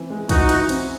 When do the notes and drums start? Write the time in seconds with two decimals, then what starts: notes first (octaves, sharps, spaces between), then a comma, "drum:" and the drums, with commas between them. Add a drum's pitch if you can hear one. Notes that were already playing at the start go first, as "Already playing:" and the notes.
Already playing: E3 C4
0.10 G#3
0.29 E3 D#4 F#4, drum: kick, cymbal
0.49 E3, drum: cymbal
0.69 C4, drum: cymbal